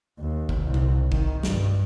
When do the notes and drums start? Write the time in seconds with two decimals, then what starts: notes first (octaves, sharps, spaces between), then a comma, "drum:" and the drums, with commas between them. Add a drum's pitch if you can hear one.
0.20 D#2
0.49 drum: kick
0.62 C2
0.74 drum: tom C#3
1.12 D#3, drum: kick
1.43 G2, drum: snare